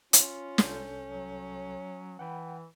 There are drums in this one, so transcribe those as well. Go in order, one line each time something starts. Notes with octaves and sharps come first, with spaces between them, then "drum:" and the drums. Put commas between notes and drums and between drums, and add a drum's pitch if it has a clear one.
C#4 F4, drum: hi-hat
C2 A4 G6, drum: snare
F#3
E3 F#5 G5 B5